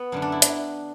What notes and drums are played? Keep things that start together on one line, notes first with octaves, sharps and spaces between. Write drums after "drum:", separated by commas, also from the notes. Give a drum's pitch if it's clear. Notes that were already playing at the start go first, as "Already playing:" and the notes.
Already playing: B3
F#2 D3 A3
D4
E4
drum: hi-hat